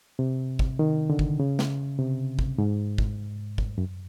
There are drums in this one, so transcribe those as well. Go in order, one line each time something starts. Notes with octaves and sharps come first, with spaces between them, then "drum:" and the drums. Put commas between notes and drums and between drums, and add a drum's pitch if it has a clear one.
C3
drum: kick
D#3
D3
drum: kick
C#3
drum: snare
C3
drum: kick
G#2
drum: kick
drum: kick
F#2